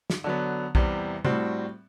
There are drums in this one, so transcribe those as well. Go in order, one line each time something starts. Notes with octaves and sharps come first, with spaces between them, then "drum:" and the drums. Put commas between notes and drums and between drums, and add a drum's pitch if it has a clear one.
drum: snare
D3 F#3 B3
E2 C3 G3, drum: kick
A2 G3 C4 F#4, drum: tom C3